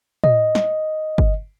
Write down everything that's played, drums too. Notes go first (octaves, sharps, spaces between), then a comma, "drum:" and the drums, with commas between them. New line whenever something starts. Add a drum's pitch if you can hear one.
D#5, drum: tom
drum: snare
drum: kick G1